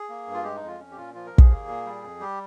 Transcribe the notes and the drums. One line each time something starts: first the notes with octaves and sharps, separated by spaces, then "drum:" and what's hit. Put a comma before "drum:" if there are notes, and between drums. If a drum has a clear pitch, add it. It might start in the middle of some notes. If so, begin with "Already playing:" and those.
Already playing: G#4
A#3
G2
F4
G#3 G4
D#4
F2 F4
C#4
G4
A#2 F4
F3 F4
A#4
D#2
G#4, drum: kick
A#3
A#2
G3
F2
G3 G4